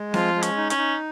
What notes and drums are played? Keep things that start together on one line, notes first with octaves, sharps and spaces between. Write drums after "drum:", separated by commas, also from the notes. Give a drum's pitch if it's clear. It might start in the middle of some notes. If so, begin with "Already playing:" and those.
Already playing: G#3
F3 F4, drum: snare C4
G#3
C#4, drum: hi-hat
D#4
C#4, drum: hi-hat
D#4